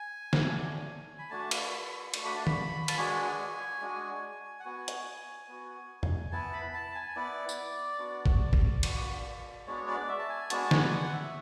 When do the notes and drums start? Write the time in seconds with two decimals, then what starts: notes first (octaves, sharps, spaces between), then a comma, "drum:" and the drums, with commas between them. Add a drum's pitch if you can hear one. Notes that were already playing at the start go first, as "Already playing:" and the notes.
Already playing: G#5
0.33 drum: snare
0.46 F#3 A3 D4
1.19 B5
1.30 A3 D4 F#4 A5
1.51 B5, drum: cymbal
1.72 B5
2.14 A3 D4 F#4, drum: cymbal
2.25 B5
2.36 A5
2.47 B5, drum: tom D#3
2.88 A5, drum: cymbal
2.98 G#3 D4 F#4 G#5
3.82 G#3 D4 F#4
4.60 F#5
4.65 B3 F#4 G#5
4.88 drum: hi-hat
5.48 B3 F#4
6.03 drum: tom E2
6.32 B3 E4 A5
6.53 B5
6.74 A5
6.95 G#5
7.16 B3 E4 D5
7.49 drum: tambourine
7.99 B3 D4 F#4
8.26 drum: kick
8.53 drum: kick
8.83 B3 D4 F#4, drum: cymbal
9.67 G#3 B3 D4 F#4 C#5
9.88 D5
10.09 E5
10.19 A5
10.29 G#5
10.50 G#3 B3 D4 F#4 A5, drum: hi-hat
10.71 G#5, drum: snare
10.92 F#5
11.13 E5